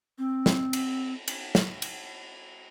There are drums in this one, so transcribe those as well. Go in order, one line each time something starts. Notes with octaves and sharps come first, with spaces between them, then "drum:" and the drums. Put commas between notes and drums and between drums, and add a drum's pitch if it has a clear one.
C4
drum: snare
drum: cymbal
drum: cymbal
drum: snare
drum: cymbal